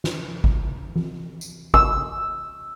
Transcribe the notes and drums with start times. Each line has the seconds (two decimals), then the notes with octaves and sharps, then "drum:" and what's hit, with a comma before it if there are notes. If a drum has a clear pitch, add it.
0.04 drum: snare
0.44 drum: kick
0.96 drum: tom E3
1.41 drum: tambourine
1.74 E6, drum: kick